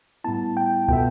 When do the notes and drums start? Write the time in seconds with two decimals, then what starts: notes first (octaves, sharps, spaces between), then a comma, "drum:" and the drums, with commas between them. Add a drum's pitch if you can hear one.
0.24 A2 G3 B3 E4 A5
0.57 G5
0.88 B2 B3 F4 A4 E5 G5, drum: kick